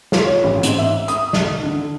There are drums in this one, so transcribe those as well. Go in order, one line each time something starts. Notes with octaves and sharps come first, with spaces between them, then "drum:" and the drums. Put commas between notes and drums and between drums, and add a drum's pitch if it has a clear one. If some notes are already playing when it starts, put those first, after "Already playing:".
F4, drum: snare
C#5
A1
G#2, drum: hi-hat
E5
D#6, drum: hi-hat
D#3, drum: snare
D3